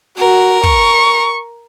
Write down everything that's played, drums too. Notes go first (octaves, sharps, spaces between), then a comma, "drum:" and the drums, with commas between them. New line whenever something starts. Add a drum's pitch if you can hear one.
F#4 A#4
C#6, drum: kick